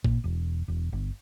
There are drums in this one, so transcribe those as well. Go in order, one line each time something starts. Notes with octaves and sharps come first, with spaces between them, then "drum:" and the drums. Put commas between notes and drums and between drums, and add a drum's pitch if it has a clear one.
A#2, drum: kick G#1
E1
E1
G1